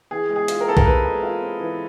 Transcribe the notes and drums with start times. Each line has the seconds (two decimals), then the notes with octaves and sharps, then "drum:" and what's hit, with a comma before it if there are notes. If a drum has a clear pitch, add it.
0.11 E3 G#4
0.29 G#3
0.36 G#4
0.48 F4, drum: hi-hat
0.61 A#4
0.67 C4 A4
0.77 A#4, drum: kick
0.85 E3 B4
1.04 G#3
1.23 F4
1.41 C4
1.60 E3